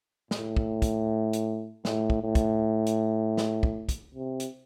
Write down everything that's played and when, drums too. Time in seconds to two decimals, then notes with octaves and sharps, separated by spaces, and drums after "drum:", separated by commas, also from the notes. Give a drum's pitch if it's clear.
0.31 A2, drum: snare
0.57 drum: kick
0.82 drum: kick, hi-hat
1.33 drum: hi-hat
1.85 A2, drum: snare
2.10 drum: kick
2.23 A2
2.35 drum: kick, hi-hat
2.86 drum: hi-hat
3.37 drum: snare
3.63 drum: kick
3.89 drum: kick, hi-hat
4.15 C3
4.40 drum: hi-hat